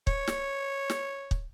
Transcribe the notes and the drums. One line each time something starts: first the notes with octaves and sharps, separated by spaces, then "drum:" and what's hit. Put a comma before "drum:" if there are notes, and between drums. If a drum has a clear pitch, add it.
C#5, drum: kick
drum: snare
drum: snare
drum: kick